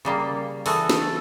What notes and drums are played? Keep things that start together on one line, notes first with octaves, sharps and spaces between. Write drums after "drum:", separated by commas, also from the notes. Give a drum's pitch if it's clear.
C#3 G3 A#3
E3 F#4 G#4 A4, drum: open hi-hat
drum: snare